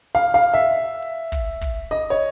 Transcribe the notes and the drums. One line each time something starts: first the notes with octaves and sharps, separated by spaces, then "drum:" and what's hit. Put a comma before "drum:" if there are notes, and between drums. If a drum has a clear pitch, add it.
F5
F5
drum: open hi-hat
E5
drum: hi-hat
drum: hi-hat
drum: kick, hi-hat
drum: kick, hi-hat
D#5, drum: hi-hat
C#5